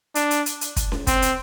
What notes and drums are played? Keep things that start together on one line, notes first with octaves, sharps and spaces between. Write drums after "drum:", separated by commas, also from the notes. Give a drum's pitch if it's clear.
D4, drum: hi-hat
drum: hi-hat
drum: hi-hat
drum: hi-hat
drum: kick, hi-hat
drum: snare C#4
C4, drum: kick, hi-hat
drum: hi-hat